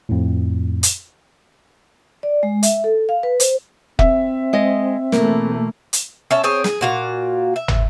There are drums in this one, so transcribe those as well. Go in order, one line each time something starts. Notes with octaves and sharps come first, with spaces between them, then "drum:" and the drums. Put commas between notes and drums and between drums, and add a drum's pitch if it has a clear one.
F2 A2
drum: hi-hat
D5
G#3
E5, drum: hi-hat
A4
F5
B4
C5, drum: hi-hat
C4 E5, drum: kick
G#3 D#5
B2 E3 A3 A#3, drum: snare
drum: hi-hat
C#4 E5 A5
C4 G#4 C#5
G#4, drum: snare
A#2 F#4 F5
E5
drum: tom